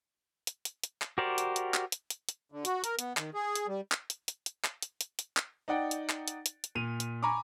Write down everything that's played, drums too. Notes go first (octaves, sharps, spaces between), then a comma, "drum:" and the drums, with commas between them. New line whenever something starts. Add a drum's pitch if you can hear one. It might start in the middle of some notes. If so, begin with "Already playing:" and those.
drum: hi-hat
drum: hi-hat
drum: hi-hat
drum: clap
F#4 G4 A#4 C5 D5
drum: hi-hat
drum: hi-hat
drum: clap
drum: hi-hat
drum: hi-hat
drum: hi-hat
D3
F#4, drum: hi-hat
A#4, drum: hi-hat
B3, drum: hi-hat
D#3, drum: clap
G#4
drum: hi-hat
G3
drum: clap
drum: hi-hat
drum: hi-hat
drum: hi-hat
drum: clap
drum: hi-hat
drum: hi-hat
drum: hi-hat
drum: clap
D#4 D5 F#5 G5
drum: hi-hat
drum: clap
drum: hi-hat
drum: hi-hat
drum: hi-hat
A#2 D#7 F7
drum: hi-hat
G#5 A#5 B5 C#6 D6